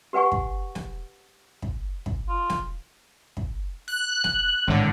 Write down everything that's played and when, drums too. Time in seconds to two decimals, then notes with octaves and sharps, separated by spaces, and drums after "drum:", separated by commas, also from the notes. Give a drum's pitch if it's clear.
0.13 G4 B4 F#5 G#5 C#6
0.32 drum: kick
0.75 drum: snare
1.62 drum: kick
2.06 drum: kick
2.28 F4
2.50 drum: snare
3.37 drum: kick
3.88 F#6
4.24 drum: snare
4.67 G#1 A2 D3